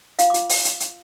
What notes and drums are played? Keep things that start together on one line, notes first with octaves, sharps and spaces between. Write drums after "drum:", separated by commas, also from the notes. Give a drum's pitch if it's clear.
F4 F5, drum: hi-hat
D6
F4, drum: hi-hat
drum: open hi-hat
drum: hi-hat
drum: hi-hat